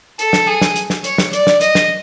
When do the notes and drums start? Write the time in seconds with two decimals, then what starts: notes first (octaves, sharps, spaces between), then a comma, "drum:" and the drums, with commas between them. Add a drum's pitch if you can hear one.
0.19 A4, drum: hi-hat
0.33 drum: snare
0.48 G#4
0.62 drum: snare
0.76 drum: hi-hat
0.90 drum: snare
1.04 C#5, drum: hi-hat
1.18 drum: snare
1.33 D5, drum: hi-hat
1.47 drum: snare
1.61 D#5, drum: hi-hat
1.75 drum: snare